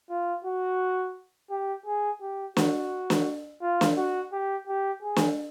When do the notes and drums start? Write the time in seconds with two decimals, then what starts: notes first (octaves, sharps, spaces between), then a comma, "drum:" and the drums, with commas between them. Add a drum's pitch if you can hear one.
0.10 F4
0.45 F#4
1.50 G4
1.86 G#4
2.21 G4
2.57 F#4, drum: snare
3.10 drum: snare
3.62 F4
3.81 drum: snare
3.97 F#4
4.32 G4
4.67 G4
5.02 G#4
5.16 drum: snare